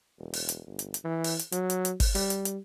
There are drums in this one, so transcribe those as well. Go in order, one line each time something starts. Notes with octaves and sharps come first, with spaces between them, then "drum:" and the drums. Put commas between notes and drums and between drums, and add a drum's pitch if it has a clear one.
E1
drum: open hi-hat
drum: hi-hat
G1
drum: hi-hat
drum: hi-hat
E3
drum: open hi-hat
drum: hi-hat
F#3, drum: hi-hat
drum: hi-hat
drum: hi-hat
drum: kick G1, open hi-hat
G3, drum: open hi-hat
drum: hi-hat
drum: hi-hat